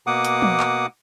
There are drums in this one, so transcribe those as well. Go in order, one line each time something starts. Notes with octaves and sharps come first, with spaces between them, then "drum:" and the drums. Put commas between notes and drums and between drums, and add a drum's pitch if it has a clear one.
B2 A#3 F#5 D6 D#6
drum: hi-hat
drum: tom
drum: clap